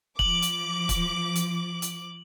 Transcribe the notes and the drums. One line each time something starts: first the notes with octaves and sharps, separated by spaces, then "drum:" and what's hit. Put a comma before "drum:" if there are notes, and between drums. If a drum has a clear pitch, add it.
F3 D6 F#7, drum: kick
drum: hi-hat
drum: kick, hi-hat
drum: hi-hat
drum: hi-hat